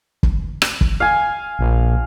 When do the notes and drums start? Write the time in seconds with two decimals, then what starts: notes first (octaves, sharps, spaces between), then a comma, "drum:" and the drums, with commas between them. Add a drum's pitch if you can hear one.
0.23 drum: kick
0.62 drum: rim click
0.81 drum: kick
1.00 F5 G#5
1.59 A#1